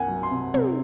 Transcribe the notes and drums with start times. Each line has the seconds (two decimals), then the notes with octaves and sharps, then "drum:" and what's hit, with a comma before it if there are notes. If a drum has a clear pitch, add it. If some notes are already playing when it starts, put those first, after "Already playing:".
Already playing: C2 A#3 F#5 G#5
0.08 F#3
0.23 C6
0.31 C3
0.54 C3, drum: tom